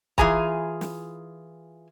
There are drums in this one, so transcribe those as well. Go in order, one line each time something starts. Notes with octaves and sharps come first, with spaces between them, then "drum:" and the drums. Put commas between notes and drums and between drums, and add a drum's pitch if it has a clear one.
E3 F4 G#4 G#5 A#5, drum: kick
drum: snare